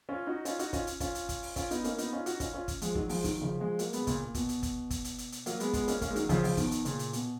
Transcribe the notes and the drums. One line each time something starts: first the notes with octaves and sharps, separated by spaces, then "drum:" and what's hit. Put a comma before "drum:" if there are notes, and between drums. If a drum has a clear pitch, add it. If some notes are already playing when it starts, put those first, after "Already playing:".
C#4 F4
D#4 F#4
C#4 F4, drum: hi-hat
D#4 F#4, drum: hi-hat
C#4 F4, drum: kick, hi-hat
drum: hi-hat
C#4 F4, drum: kick, hi-hat
drum: hi-hat
drum: kick, hi-hat
drum: open hi-hat
C#4 F4, drum: kick, hi-hat
B3 D#4, drum: hi-hat
A#3 C#4, drum: hi-hat
B3 D#4, drum: hi-hat
C#4 F4
D#4 F#4, drum: hi-hat
C#4 F4, drum: kick, hi-hat
C#4 F4
drum: kick, hi-hat
F3 G#3, drum: hi-hat
D#3 F#3, drum: kick
F3 G#3, drum: open hi-hat
D#3 F#3, drum: kick, hi-hat
C#3 F3
F3 G#3
F#3 A#3, drum: hi-hat
G#3 B3, drum: hi-hat
B2
A#2 C#3, drum: kick, hi-hat
A#2
B2, drum: kick, hi-hat
drum: hi-hat
drum: kick, hi-hat
drum: kick, hi-hat
drum: hi-hat
drum: hi-hat
drum: hi-hat
F#3 A#3, drum: hi-hat
G#3 B3, drum: hi-hat
G#3 B3, drum: kick, hi-hat
A#3 C#4, drum: hi-hat
A#3 C#4, drum: kick, hi-hat
G#3
D#3 F#3, drum: hi-hat
C#3 F3, drum: kick, hi-hat
C#3 F3, drum: open hi-hat
B2 D#3, drum: kick, hi-hat
drum: hi-hat
A#2 C#3, drum: hi-hat
drum: hi-hat
B2, drum: hi-hat